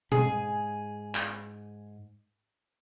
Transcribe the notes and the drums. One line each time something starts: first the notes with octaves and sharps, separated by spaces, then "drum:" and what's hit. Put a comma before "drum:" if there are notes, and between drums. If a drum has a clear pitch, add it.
G#2 G#4 G#5, drum: tom B2
drum: clap